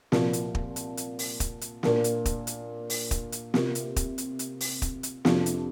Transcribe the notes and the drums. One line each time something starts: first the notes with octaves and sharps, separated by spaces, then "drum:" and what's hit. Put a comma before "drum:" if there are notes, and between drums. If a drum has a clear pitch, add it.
C2 A#2 F3 A#3, drum: snare
drum: hi-hat
drum: kick
drum: hi-hat
drum: hi-hat
drum: open hi-hat
drum: kick, hi-hat
drum: hi-hat
A#2 A#3 D4, drum: snare
drum: hi-hat
drum: kick, hi-hat
drum: hi-hat
drum: open hi-hat
drum: kick, hi-hat
drum: hi-hat
C3 A#3 F4, drum: snare
drum: hi-hat
drum: kick, hi-hat
drum: hi-hat
drum: hi-hat
drum: open hi-hat
drum: kick, hi-hat
drum: hi-hat
F2 C3 F3 D4 F4, drum: snare
drum: hi-hat